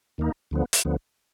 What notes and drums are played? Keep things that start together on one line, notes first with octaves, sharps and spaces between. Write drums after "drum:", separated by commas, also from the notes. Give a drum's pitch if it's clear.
D#2 D#3 A#3 D#4
D2 D3 F3 B3
drum: hi-hat
D2 D3 F3 B3